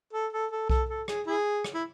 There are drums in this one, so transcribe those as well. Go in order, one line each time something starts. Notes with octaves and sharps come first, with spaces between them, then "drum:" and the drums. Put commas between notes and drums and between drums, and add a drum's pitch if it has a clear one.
A4
A4
A4
A4, drum: kick B1
A4
G#4, drum: rim click
E4 G#4
drum: rim click
E4